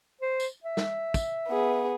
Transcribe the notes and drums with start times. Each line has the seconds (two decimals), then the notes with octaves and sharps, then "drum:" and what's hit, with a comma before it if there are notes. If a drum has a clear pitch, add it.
0.21 C5
0.40 drum: tambourine
0.64 E5
0.77 drum: snare
1.14 drum: kick, tambourine
1.48 B3 G#4